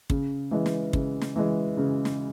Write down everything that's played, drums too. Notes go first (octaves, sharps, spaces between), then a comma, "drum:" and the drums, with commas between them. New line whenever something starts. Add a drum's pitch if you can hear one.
C#3, drum: kick
E3 G#3
drum: snare
C#3, drum: kick
drum: snare
E3 G#3
C#3
drum: snare